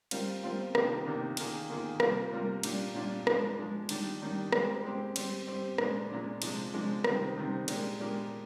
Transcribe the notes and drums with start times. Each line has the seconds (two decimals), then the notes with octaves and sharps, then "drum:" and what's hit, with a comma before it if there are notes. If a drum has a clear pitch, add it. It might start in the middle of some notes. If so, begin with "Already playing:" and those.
0.11 G3 C4 F4 A#4, drum: cymbal
0.43 G3 C4 F4 A#4
0.75 C3 D#3 A#3 D4 G4, drum: rim click
1.06 C3 D#3 A#3 D4 G4
1.37 D#3 A#3 F4 G#4, drum: cymbal
1.69 D#3 A#3 F4 G#4
2.00 C3 G3 A#3 F4 A#4, drum: rim click
2.32 C3 G3 A#3 F4 A#4
2.63 A#2 G3 D4 F4, drum: cymbal
2.94 A#2 G3 D4 F4
3.27 F3 G#3 D4, drum: rim click
3.58 F3 G#3 D4
3.89 D#3 G3 D4, drum: cymbal
4.22 D#3 G3 D4
4.52 G#3 C4 G4, drum: rim click
4.84 G#3 C4 G4
5.16 G3 C4 G4, drum: cymbal
5.47 G3 C4 G4
5.78 A#2 G#3 D4, drum: rim click
6.10 A#2 G#3 D4
6.42 C3 F3 G#3 D4, drum: cymbal
6.73 C3 F3 G#3 D4
7.04 C3 D#3 G3 C4, drum: rim click
7.36 C3 D#3 G3 C4
7.68 A#2 G#3 D4 G4 A#4, drum: cymbal
8.00 A#2 G#3 D4 G4 A#4